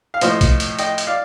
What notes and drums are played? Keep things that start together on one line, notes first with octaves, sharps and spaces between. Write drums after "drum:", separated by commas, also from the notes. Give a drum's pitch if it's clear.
F5
A2 F3 C5 D#5, drum: hi-hat
drum: kick, hi-hat
drum: hi-hat
D#5 G5, drum: hi-hat
drum: hi-hat
D5 F5